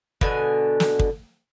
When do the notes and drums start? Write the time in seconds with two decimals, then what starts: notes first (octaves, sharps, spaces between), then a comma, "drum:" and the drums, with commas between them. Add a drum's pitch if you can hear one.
0.21 B2 D3 G#5, drum: kick
0.80 drum: snare
1.00 drum: kick